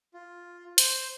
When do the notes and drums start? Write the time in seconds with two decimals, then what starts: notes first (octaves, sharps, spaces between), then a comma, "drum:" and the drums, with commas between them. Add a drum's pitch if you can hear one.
0.14 F4
0.78 C5, drum: hi-hat